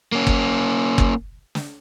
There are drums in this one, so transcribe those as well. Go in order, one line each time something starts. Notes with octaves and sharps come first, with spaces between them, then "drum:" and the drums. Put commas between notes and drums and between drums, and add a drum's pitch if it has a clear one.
A#3 C#4
drum: kick
drum: kick
drum: snare